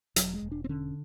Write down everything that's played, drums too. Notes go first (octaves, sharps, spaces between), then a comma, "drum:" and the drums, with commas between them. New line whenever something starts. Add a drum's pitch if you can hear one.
E1 F#3, drum: hi-hat
G#3
E1
D4
C4
D3 C#4